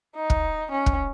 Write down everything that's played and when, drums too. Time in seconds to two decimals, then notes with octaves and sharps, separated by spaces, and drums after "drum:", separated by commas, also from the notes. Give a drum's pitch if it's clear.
0.16 D#4
0.30 drum: kick
0.72 C#4
0.86 drum: kick